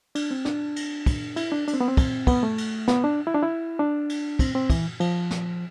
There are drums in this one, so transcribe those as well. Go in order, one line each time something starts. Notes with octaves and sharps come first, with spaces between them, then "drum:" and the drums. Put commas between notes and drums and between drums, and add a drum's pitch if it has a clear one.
D4, drum: cymbal
C4
D4, drum: snare
drum: cymbal
drum: kick, cymbal
E4, drum: cymbal
D4
D4, drum: cymbal
C4
B3
C4
drum: kick, cymbal
B3, drum: kick, cymbal
A3
drum: cymbal
B3, drum: snare
D4
E4
D4
E4
D4
drum: cymbal
C4, drum: kick, cymbal
C4
E3, drum: kick, cymbal
F3, drum: cymbal
drum: snare